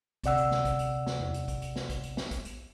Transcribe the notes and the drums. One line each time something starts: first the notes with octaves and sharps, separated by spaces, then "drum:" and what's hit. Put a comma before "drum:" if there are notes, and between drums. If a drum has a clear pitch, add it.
D2 C3 D5 F#5 E6, drum: kick, hi-hat
drum: hi-hat
drum: snare
drum: kick, hi-hat
drum: hi-hat
drum: snare
drum: tom E2
drum: hi-hat
drum: kick, hi-hat
drum: hi-hat
drum: snare
drum: kick, hi-hat
drum: hi-hat
drum: snare
drum: kick, hi-hat
drum: hi-hat